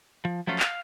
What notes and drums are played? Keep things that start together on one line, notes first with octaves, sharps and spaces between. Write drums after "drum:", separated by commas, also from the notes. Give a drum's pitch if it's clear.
F3
F3 F#3 A3 C#4 F4
F5, drum: clap